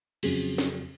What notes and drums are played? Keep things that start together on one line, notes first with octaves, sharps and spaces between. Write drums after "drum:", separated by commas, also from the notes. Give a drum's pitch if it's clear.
F2 C#3 F#3 C#4 G#4, drum: cymbal
drum: snare